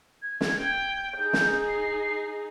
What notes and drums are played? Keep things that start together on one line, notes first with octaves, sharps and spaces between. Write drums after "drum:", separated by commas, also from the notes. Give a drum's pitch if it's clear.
G#6
drum: snare
G5
D#4 G#4 G6
drum: snare
C7